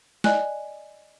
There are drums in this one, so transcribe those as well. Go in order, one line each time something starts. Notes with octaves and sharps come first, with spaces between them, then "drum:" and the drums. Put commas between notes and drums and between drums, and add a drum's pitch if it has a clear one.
D5 D#5 G#5 F#6, drum: snare